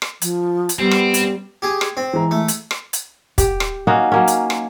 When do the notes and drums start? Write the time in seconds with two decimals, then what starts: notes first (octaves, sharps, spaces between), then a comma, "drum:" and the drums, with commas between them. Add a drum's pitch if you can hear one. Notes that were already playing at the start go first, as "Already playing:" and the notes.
0.02 drum: rim click
0.22 F3, drum: hi-hat
0.69 drum: hi-hat
0.80 G3 B3 C4
0.91 drum: rim click
1.14 drum: hi-hat
1.62 G4 G#4
1.81 drum: rim click
1.97 C4
2.13 E3 G#3 A#5
2.31 A3
2.48 drum: hi-hat
2.71 drum: rim click
2.93 drum: hi-hat
3.38 G4, drum: kick, hi-hat
3.60 drum: rim click
3.87 A#3 C#4 D#4 F#4
4.12 F#3 A#3 C#4
4.27 drum: hi-hat
4.50 drum: rim click